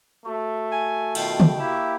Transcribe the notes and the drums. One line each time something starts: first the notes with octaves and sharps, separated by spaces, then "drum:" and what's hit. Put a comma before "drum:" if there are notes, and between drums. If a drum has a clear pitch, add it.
A3 F#4
G#5
B2 D#3 F4 G5, drum: cymbal
drum: tom
A#3 E4 G4 E5